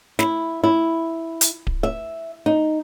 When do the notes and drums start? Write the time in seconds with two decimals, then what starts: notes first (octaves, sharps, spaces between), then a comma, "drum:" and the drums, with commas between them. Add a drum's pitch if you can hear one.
0.19 E4, drum: snare
0.64 E4
1.41 drum: hi-hat
1.67 drum: kick D1
1.83 E5
2.46 D#4